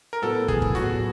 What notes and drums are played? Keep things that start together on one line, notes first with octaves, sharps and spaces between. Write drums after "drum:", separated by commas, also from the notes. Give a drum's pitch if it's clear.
A#4
A2 F#3 B3 A4
G#4, drum: kick
drum: kick
A2 F#3 B3 F#4, drum: snare